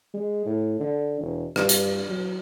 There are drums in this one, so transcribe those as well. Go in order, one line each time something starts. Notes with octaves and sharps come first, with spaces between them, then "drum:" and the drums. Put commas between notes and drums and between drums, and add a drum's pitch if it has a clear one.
G#3
A2
D3
E1
G2, drum: rim click
drum: hi-hat
F#3